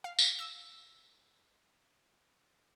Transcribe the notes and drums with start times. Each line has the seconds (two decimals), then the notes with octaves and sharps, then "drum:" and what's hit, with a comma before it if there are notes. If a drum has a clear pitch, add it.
0.04 F5
0.19 drum: tambourine
0.39 E6